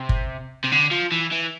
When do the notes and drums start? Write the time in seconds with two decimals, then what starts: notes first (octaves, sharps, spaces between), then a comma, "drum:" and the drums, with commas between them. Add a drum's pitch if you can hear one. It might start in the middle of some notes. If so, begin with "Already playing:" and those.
Already playing: C3
0.09 drum: kick G1
0.64 C3
0.72 D3
0.91 F3
1.12 E3
1.32 E3